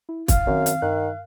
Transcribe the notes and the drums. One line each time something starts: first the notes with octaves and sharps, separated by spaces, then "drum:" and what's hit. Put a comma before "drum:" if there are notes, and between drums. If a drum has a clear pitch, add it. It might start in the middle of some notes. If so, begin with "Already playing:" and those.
E4
F#2 F5, drum: kick, hi-hat
F#2 D#3 C4
drum: hi-hat
G2 D#3 A#4 F#6